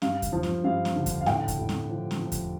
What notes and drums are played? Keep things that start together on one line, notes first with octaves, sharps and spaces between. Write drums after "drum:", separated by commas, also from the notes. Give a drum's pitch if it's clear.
G2 F5, drum: snare C4
drum: kick E2, hi-hat
F3
drum: snare C4
G2 F5
drum: snare C4
D3
drum: kick E2, hi-hat
F5
A2 G5, drum: snare C4
drum: kick E2, hi-hat
A2
drum: snare C4
F3
drum: snare C4
F3
drum: kick E2, hi-hat